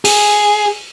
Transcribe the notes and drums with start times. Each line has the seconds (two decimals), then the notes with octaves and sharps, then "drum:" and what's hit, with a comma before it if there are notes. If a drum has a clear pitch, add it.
0.05 G#4, drum: open hi-hat